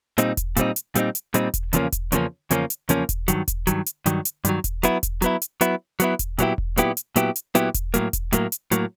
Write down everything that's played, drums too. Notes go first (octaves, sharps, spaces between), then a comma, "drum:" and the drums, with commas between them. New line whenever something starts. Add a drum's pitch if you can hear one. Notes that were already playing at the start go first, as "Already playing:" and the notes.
A#2 G3 C4 D#4, drum: hi-hat
drum: kick E1, hi-hat
A#2 G3 C4 D#4, drum: hi-hat
drum: hi-hat
A#2 G3 C4 D#4, drum: hi-hat
drum: hi-hat
A#2 G3 C4 D#4, drum: hi-hat
drum: kick E1, hi-hat
E2 C#3 F3 A#3 C#4, drum: hi-hat
drum: kick E1, hi-hat
E2 C#3 F3 A#3 C#4, drum: hi-hat
E2 C#3 F3 A#3 C#4, drum: hi-hat
drum: hi-hat
E2 C#3 F3 A#3 C#4, drum: hi-hat
drum: kick E1, hi-hat
G2 D#3 F#3, drum: hi-hat
drum: kick E1, hi-hat
G2 D#3 F#3, drum: hi-hat
drum: hi-hat
G2 D#3 F#3, drum: hi-hat
drum: hi-hat
G2 D#3 F#3, drum: hi-hat
drum: kick E1, hi-hat
F#3 B3 E4, drum: hi-hat
drum: kick E1, hi-hat
F#3 B3 E4, drum: hi-hat
drum: hi-hat
F#3 B3 E4, drum: hi-hat
F#3 B3 E4, drum: hi-hat
drum: kick E1, hi-hat
A#2 F#3 B3 E4 G4, drum: hi-hat
drum: kick E1
A#2 F#3 B3 E4 G4, drum: hi-hat
drum: hi-hat
A#2 F#3 B3 E4 G4, drum: hi-hat
drum: hi-hat
A#2 F#3 B3 E4 G4, drum: hi-hat
drum: kick E1, hi-hat
A2 F#3 A#3, drum: hi-hat
drum: kick E1, hi-hat
A2 F#3 A#3, drum: hi-hat
drum: hi-hat
A2 F#3 A#3, drum: hi-hat